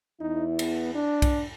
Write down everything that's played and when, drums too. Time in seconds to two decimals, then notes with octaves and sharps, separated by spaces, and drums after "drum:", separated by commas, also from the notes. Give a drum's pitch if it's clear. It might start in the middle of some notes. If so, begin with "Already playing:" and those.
0.21 E2 D#4 E4
0.59 B3, drum: cymbal
0.95 D4
1.22 drum: kick B1, cymbal